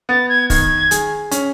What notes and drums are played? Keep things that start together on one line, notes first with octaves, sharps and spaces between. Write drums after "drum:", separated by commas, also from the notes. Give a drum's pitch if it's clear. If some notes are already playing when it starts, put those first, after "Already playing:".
B3 A6
G#6
D#3 G#6, drum: kick, open hi-hat
G#4, drum: hi-hat
C#4, drum: hi-hat